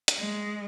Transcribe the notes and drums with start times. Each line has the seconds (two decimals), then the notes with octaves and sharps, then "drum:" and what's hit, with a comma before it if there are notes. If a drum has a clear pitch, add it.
0.08 drum: hi-hat
0.19 G#3